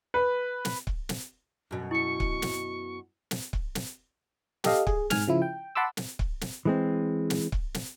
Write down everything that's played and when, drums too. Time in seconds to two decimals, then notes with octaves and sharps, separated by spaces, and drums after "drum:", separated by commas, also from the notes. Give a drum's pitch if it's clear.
0.14 B4
0.65 drum: snare
0.87 drum: kick C#1
1.09 drum: snare
1.71 F#2 B2
1.91 E4 C#6 C#7
2.20 drum: kick C#1
2.42 drum: snare
3.31 drum: snare
3.53 drum: kick C#1
3.75 drum: snare
4.64 G4 A4 D#5 F5, drum: snare
4.87 G#4, drum: kick C#1
5.10 G#2 G#5 F6, drum: snare
5.28 C#3 F3 E4
5.42 G5
5.75 F#5 A5 B5 C6 D6 E6
5.97 drum: snare
6.19 drum: kick C#1
6.41 drum: snare
6.65 E3 G#3 C4
7.30 drum: snare
7.52 drum: kick C#1
7.74 drum: snare